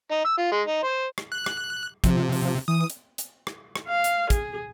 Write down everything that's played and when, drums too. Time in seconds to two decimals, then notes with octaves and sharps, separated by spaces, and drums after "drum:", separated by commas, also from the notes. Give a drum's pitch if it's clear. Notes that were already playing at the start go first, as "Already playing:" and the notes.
0.11 D#4
0.25 E6
0.38 F4
0.52 G#3
0.67 D#4
0.83 C5
1.18 drum: rim click
1.32 F#6
1.46 drum: rim click
2.04 C3 F3, drum: kick, hi-hat
2.32 drum: open hi-hat
2.68 E3 D#6
2.90 drum: hi-hat
3.18 drum: hi-hat
3.47 drum: rim click
3.76 drum: rim click
3.88 F5
4.04 drum: hi-hat
4.30 G#4, drum: kick, hi-hat